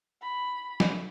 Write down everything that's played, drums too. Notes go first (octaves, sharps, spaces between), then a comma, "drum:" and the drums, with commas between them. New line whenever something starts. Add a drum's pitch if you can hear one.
B5
drum: snare